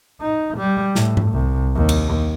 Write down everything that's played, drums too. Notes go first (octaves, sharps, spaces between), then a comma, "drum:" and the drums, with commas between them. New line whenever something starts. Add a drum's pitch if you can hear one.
D#4
G3
A2, drum: snare
drum: tom G#2
C2
D#2
drum: cymbal